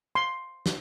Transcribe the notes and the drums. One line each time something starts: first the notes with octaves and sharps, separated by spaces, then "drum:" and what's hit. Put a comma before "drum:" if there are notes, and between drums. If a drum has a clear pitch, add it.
C6
drum: snare